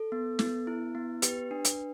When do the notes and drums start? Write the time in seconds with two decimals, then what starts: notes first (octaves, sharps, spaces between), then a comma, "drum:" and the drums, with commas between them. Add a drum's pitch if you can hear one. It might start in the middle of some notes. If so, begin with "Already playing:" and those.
Already playing: A4
0.12 B3
0.39 B3, drum: snare
0.67 E4
0.95 B3
1.22 G4 B4, drum: hi-hat
1.51 D4
1.65 drum: hi-hat